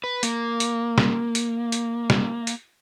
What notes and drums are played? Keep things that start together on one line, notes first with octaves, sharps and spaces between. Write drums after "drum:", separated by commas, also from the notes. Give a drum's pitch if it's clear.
B4
A#3, drum: hi-hat
drum: hi-hat
drum: snare
drum: hi-hat
drum: hi-hat
drum: snare
drum: hi-hat